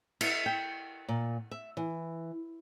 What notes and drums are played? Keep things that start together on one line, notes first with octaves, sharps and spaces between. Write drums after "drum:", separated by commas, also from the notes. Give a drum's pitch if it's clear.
E4, drum: cymbal
G5
A#2
E5
E3